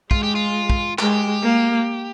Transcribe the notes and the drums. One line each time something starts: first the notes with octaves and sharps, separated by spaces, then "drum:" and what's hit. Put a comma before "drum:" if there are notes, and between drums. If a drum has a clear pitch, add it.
G#3 F4, drum: kick
G4
F4
drum: kick
G#3 G4, drum: clap
A#3